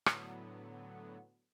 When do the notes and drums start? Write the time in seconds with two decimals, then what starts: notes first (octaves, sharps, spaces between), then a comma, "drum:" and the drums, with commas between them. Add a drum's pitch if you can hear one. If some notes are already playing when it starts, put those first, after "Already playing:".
0.06 A2 D3 F#3 B3, drum: rim click